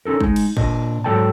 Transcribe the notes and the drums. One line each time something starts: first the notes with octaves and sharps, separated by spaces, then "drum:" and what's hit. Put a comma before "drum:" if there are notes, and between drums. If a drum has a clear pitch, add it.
C#4 D#4 A4 A#4
G#3 D#4, drum: kick
drum: cymbal
A#2 D4 D#5, drum: kick
G#2 F#3 A4 D5 G5 A5